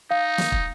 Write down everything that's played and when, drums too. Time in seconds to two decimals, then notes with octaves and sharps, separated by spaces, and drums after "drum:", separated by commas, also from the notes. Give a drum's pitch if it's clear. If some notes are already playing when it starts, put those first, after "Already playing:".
0.10 D#4 F5
0.38 drum: snare
0.52 drum: kick